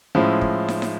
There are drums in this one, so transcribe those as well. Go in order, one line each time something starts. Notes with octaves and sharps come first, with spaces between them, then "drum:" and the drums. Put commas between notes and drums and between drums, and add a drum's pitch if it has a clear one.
A2 F3 G#3 C#4 E4
drum: kick
drum: snare
drum: snare